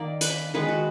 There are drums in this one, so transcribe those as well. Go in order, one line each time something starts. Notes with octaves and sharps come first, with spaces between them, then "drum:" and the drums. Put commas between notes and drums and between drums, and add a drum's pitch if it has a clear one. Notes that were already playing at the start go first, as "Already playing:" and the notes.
Already playing: D#3 A#3 D5
B4, drum: hi-hat
D#3 G#3 B3 B4
F#4